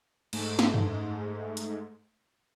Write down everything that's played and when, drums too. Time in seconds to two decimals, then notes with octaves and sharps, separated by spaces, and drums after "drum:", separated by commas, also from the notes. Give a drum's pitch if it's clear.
0.33 G#2 A3, drum: cymbal
0.59 drum: snare
0.74 drum: tom F#2
1.57 drum: hi-hat